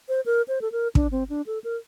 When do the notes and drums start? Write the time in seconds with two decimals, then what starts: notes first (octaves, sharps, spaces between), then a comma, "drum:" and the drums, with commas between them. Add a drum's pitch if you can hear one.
0.09 C5
0.26 A#4
0.48 C5
0.61 A4
0.72 A#4
0.95 D4, drum: kick
1.12 C4
1.30 D4
1.47 A4
1.64 A#4